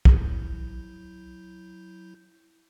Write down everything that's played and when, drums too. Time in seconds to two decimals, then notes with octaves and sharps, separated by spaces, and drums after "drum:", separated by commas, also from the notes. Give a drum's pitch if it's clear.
0.05 F#3 E4 G6, drum: kick B1